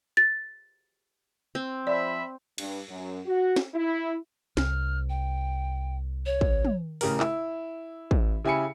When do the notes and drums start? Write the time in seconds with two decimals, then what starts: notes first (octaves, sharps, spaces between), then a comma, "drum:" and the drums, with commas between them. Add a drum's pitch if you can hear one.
0.17 A6
1.55 C4
1.87 F3 D5 E5 B5
2.58 G2, drum: cymbal
2.89 F#2
3.26 F#4
3.56 drum: snare
3.74 E4
4.57 C2 F6, drum: snare
5.09 G5
6.26 C#5
6.41 drum: kick A1
6.65 drum: tom
7.01 A1 C#3 G4 A#4, drum: open hi-hat
7.20 E4, drum: clap
8.11 drum: kick A1
8.44 C#3 E4 G4 G#5 B5 C#7